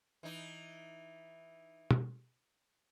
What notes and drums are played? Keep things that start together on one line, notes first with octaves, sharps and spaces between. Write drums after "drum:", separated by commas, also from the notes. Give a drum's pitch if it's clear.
E3 D#4
drum: tom